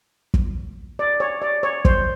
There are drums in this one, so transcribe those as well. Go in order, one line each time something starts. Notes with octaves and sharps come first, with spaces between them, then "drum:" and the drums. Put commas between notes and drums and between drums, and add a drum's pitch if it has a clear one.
drum: kick
D5
C#5
D5
C#5
C5, drum: kick